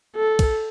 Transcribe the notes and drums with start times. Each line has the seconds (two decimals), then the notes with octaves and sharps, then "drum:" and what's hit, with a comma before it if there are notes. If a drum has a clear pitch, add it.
0.16 A4
0.39 drum: kick, cymbal